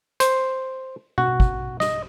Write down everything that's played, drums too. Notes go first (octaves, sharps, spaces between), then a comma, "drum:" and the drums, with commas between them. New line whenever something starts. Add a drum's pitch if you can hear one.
C5, drum: hi-hat
F#4, drum: tom B2
drum: kick
D#5, drum: snare